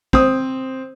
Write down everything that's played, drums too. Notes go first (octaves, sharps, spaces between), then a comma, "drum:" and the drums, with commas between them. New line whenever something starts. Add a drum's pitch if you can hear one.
C4 D#6, drum: kick